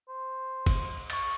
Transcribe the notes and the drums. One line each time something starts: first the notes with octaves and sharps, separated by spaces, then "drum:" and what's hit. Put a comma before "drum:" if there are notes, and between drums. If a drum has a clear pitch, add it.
C5
drum: kick, cymbal
C#6 A6, drum: cymbal